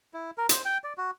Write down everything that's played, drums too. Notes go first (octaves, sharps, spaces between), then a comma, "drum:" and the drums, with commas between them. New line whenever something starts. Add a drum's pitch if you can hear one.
E4
A#4
C5, drum: hi-hat
G5
D5
F#4